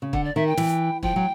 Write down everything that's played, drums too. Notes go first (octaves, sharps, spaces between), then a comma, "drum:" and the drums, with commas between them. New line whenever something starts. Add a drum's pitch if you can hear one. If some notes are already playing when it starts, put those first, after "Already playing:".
C#3
D3 F#5, drum: kick
D5
D#3 E5
G5
E3, drum: snare
F3 G5, drum: kick
F#3